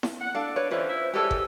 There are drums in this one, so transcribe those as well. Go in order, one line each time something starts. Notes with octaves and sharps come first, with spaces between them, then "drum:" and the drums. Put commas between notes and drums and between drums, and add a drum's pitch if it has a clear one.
drum: snare E4
F#5
D4 A4 F5
B4 C#5
D3 E3 C#4 F4 B4 C5
E4
E3 G3 G#3 G4 A4 C#5 E6
drum: kick